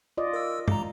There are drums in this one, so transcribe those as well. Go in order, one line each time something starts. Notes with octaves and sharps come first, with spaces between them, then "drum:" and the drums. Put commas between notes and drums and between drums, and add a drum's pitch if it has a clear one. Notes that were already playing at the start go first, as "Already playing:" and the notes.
F4 D5 D#5
A#4 E6
G#3 A#5, drum: tom G2